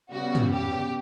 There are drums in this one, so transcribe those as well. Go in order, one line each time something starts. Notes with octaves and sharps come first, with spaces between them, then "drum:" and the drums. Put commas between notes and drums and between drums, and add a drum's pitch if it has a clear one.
C#3 G3 B3 F#4
drum: tom
G4